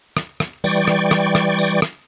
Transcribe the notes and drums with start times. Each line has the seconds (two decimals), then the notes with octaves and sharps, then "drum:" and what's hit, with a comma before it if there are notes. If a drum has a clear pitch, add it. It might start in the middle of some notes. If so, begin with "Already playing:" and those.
0.17 drum: rim click
0.40 drum: rim click
0.64 E3 G3 D5 G5 C#6, drum: tambourine
0.88 drum: rim click
1.11 drum: rim click
1.35 drum: rim click
1.59 drum: tambourine
1.82 drum: rim click